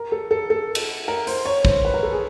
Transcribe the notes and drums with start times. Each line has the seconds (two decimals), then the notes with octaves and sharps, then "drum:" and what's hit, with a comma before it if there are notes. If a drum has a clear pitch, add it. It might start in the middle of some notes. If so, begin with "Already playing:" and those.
Already playing: A#4
0.12 A4
0.31 A4
0.50 A4
0.75 drum: cymbal
1.08 A#4
1.27 C5, drum: open hi-hat
1.45 C#5
1.65 C5, drum: kick
1.85 B4
1.94 A#4
2.03 A4
2.13 G#4